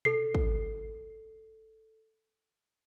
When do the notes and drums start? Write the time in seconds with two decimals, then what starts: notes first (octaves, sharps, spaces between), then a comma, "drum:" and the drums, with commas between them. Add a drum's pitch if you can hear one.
0.05 A4 C7, drum: tom B2
0.35 drum: kick